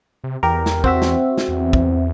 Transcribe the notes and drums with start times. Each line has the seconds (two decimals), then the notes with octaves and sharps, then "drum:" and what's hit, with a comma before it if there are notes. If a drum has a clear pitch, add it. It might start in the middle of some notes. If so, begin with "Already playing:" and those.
0.24 C3
0.43 E2 G4 A#4
0.66 drum: snare
0.84 C4 F#4 E5, drum: kick
1.02 drum: snare
1.38 drum: snare
1.48 E2
1.73 drum: kick